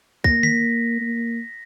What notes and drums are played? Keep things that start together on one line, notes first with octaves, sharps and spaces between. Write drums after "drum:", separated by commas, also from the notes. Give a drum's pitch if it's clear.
A#3 A#6, drum: kick
B6, drum: tom D3
A#3